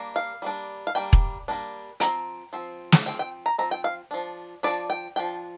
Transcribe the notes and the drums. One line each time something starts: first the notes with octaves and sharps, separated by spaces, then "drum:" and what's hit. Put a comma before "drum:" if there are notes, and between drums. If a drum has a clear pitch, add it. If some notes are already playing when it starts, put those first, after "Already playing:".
Already playing: G3 A#3 D4
F5
G3 A#3 D4
F5
G3 A#3 D4 G5
drum: kick E1
G3 A#3 D4
F3 C4 A#5, drum: hi-hat
F3 C4
drum: snare
F3 C4 G5
G5
A#5
F3 C4 A#5
G5
F5
F3 D4
F3 D4 D5
G5
F3 D4 G5